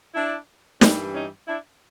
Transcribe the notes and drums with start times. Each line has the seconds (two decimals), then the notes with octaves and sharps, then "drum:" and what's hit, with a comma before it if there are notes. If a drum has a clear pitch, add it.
0.15 D4 E4
0.81 G2 E3 G3 C4 D4, drum: snare
1.15 C#4 D#4
1.48 D4 E4